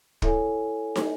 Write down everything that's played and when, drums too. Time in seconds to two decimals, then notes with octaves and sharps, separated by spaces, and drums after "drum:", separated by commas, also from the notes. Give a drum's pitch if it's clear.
0.22 E4 A4 C#5 E5 G#5, drum: kick
0.96 drum: snare